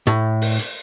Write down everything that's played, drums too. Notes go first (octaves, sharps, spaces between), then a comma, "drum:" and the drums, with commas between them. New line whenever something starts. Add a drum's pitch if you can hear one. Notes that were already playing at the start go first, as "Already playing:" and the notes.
A2
drum: open hi-hat
drum: hi-hat